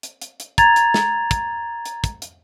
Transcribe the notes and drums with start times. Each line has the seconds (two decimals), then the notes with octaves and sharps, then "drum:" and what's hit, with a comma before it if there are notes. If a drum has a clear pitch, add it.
0.03 drum: hi-hat
0.21 drum: hi-hat
0.40 drum: hi-hat
0.58 A#5 G#6 A6 F7, drum: kick, hi-hat
0.76 drum: hi-hat
0.94 drum: snare
1.31 drum: kick, hi-hat
1.85 drum: hi-hat
2.04 drum: kick, hi-hat
2.22 drum: hi-hat